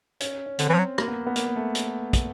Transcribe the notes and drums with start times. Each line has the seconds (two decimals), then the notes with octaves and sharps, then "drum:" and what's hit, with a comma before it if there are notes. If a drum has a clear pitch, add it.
0.20 C#4, drum: hi-hat
0.46 C#4
0.59 D3 C4, drum: hi-hat
0.69 E3
0.74 F3
0.78 F#3
0.98 A#3, drum: rim click
1.08 B3
1.27 B3
1.36 A#3, drum: hi-hat
1.46 A#3
1.56 A3
1.75 drum: hi-hat
2.13 drum: kick, hi-hat